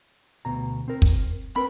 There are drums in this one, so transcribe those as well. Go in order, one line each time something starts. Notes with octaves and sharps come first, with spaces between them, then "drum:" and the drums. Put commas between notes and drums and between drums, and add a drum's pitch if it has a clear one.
D2 B2 A#5
C4 A#4
drum: kick
C4 A#4 B4 B5